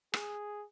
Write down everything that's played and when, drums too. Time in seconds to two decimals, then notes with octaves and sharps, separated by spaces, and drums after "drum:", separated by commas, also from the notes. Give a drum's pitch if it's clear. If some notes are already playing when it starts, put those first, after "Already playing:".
0.14 G#4, drum: rim click